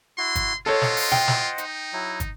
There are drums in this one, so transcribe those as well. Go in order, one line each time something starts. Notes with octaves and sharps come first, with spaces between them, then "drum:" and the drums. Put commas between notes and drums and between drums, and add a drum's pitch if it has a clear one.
E4 F#4 C6
drum: kick, hi-hat
F4 A4 C5 C#5 D#5 F#5
drum: snare
drum: open hi-hat
G5, drum: snare
drum: snare
D#4, drum: hi-hat
F#3 E4
drum: kick, hi-hat